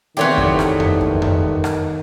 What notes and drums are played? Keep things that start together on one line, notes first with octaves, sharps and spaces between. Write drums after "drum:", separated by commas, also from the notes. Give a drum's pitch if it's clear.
E2 D#3 A3 B3 C4 G4 C#5
drum: kick F2
drum: rim click
drum: tom F2
drum: kick F2
drum: tom F2
drum: rim click